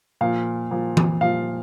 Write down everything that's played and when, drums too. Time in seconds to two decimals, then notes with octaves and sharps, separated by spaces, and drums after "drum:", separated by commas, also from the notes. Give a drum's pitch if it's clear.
0.21 A#2 F3 F5
0.71 A#2 F3
0.97 drum: tom E3
1.21 A#2 F3 F5